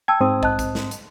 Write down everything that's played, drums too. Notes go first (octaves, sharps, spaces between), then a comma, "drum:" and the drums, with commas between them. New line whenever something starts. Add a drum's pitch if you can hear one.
G5 A5 E6 G#6
G#2 C4 D#6
D#5 A5 F#6, drum: kick
drum: kick, hi-hat
drum: snare
drum: hi-hat